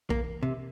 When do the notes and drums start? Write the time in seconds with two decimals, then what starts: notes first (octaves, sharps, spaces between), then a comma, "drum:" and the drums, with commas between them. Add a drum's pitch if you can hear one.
0.10 A#3, drum: kick A#1
0.43 C3